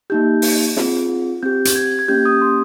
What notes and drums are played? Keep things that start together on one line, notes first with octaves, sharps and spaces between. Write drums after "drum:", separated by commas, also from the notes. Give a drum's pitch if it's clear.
A#3 D#4 G4 G6
drum: open hi-hat
C4 F4 G#4, drum: snare
C4 G4 G6
drum: hi-hat
G#6
G#6
A#3 C#4 G4 G6
D#6
C6